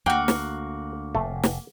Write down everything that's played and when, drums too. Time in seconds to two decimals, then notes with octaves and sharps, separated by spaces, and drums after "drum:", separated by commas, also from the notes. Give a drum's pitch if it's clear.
0.06 D2 A#3 F#4 F#5 G5
0.28 drum: snare
1.15 F1 A2 A3
1.43 drum: snare